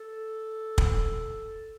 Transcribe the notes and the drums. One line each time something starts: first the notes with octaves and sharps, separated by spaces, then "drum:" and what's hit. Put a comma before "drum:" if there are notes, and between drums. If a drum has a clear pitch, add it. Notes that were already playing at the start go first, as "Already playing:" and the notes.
Already playing: A4
drum: kick